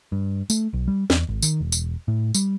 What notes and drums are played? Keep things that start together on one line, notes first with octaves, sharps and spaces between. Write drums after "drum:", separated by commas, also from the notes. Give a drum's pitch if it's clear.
G2
A3, drum: tambourine
B1
G3
E2, drum: snare
G#1
D#3, drum: tambourine
E1
drum: tambourine
A2
G3, drum: tambourine